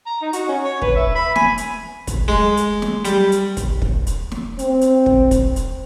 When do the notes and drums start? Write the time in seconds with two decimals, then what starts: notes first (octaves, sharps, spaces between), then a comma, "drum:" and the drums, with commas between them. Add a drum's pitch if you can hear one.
0.06 A#5
0.22 D#4
0.33 F#4, drum: hi-hat
0.48 C#4
0.63 C#5
0.82 B4, drum: kick
0.96 E5
1.15 B5
1.36 G#5, drum: snare
1.58 drum: hi-hat
2.07 drum: kick, hi-hat
2.28 G#3
2.57 drum: hi-hat
2.82 drum: snare
3.05 G3, drum: hi-hat
3.32 drum: hi-hat
3.57 drum: kick, hi-hat
3.82 drum: kick
4.07 drum: hi-hat
4.32 drum: snare
4.59 C4, drum: hi-hat
4.81 drum: hi-hat
5.06 drum: kick
5.31 drum: kick, hi-hat
5.56 drum: hi-hat